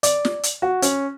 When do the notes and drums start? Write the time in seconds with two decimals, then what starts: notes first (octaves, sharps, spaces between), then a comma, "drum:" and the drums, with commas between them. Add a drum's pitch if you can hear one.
0.03 D5, drum: hi-hat
0.25 drum: snare
0.43 drum: hi-hat
0.62 F#4
0.82 C#4, drum: hi-hat